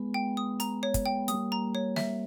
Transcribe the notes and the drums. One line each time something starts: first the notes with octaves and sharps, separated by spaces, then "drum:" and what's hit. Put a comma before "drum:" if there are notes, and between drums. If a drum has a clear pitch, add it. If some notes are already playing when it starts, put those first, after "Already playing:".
Already playing: G#3 B3
G5
D#6
A#5, drum: hi-hat
C#5
drum: kick, hi-hat
G5
G3 A#3 D#6, drum: hi-hat
A#5
C#5
E5, drum: snare